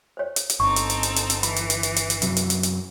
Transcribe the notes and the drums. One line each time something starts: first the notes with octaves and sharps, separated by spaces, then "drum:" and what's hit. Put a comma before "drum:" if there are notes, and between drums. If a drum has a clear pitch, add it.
C5 C#5
drum: hi-hat
drum: hi-hat
G1 C4 D#4 A4 C#6
drum: hi-hat
drum: hi-hat
drum: hi-hat
drum: hi-hat
drum: hi-hat
E3 B5, drum: hi-hat
drum: hi-hat
drum: hi-hat
drum: hi-hat
drum: hi-hat
drum: hi-hat
F#2 C3 F#3, drum: hi-hat
drum: hi-hat
drum: hi-hat
drum: hi-hat